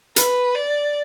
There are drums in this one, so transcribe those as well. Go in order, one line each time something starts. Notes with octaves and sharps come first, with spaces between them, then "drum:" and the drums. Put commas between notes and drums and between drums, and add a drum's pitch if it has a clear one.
B4, drum: hi-hat
D5